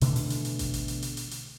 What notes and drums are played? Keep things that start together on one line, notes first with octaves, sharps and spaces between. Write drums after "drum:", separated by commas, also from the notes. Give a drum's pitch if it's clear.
B2 D3 E3 A3, drum: hi-hat
drum: open hi-hat
drum: hi-hat
drum: hi-hat
drum: kick G#1, hi-hat
drum: hi-hat
drum: hi-hat
drum: hi-hat
drum: hi-hat
drum: hi-hat